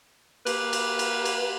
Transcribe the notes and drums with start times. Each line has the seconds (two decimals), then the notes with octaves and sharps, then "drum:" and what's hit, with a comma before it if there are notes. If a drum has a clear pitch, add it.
0.47 A#3 G4 B4, drum: cymbal
0.73 drum: cymbal
0.99 drum: cymbal
1.25 drum: cymbal